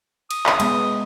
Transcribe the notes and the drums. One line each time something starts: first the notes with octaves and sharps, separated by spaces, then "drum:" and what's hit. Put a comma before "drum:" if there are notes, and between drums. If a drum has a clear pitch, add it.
D#6, drum: cymbal
drum: clap
G#3 B3, drum: cymbal